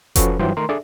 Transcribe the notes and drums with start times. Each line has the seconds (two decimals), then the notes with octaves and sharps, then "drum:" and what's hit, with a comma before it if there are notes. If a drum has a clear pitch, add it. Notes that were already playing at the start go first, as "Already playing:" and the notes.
0.16 F3 C#4 F#4 A4 B4, drum: kick F1, hi-hat
0.39 G2 E3 F#3 F4 C5 G5
0.57 D#3 A3 A#4 A#5 C6
0.69 D4 G#4 A4 D5 E5